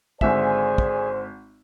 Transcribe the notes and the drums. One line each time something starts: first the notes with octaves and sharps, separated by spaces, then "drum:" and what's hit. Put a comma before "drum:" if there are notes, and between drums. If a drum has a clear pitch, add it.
G#1 D3 G#4 C5 D5 E5 G#5, drum: kick
drum: kick